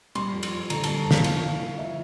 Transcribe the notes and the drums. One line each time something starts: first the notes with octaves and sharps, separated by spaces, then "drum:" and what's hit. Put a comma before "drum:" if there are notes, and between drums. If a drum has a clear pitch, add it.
G3 C6, drum: cymbal
F2
drum: cymbal
F2
D3 A#5, drum: cymbal
G3 A5, drum: cymbal
F2
F5, drum: snare
A#3 F5, drum: cymbal
E4
A#2
F3 E5